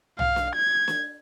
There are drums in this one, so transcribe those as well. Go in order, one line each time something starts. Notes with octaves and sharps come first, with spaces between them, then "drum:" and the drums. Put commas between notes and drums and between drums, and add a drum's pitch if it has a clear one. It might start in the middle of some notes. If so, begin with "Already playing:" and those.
F5, drum: tom
drum: snare
G#6
drum: snare